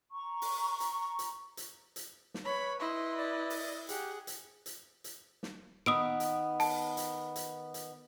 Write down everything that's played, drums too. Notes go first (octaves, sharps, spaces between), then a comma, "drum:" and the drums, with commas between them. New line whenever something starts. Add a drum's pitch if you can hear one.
A#5 C#6
drum: open hi-hat
drum: hi-hat
drum: hi-hat
drum: hi-hat
drum: hi-hat
drum: snare
B4 C#5 B5
E4 D#5 C6
D5
drum: open hi-hat
G4 G#4 F#5, drum: hi-hat
drum: hi-hat
drum: hi-hat
drum: hi-hat
drum: snare
D#3 B3 D#6 E6 D7
drum: hi-hat
A5, drum: open hi-hat
drum: hi-hat
drum: hi-hat
drum: hi-hat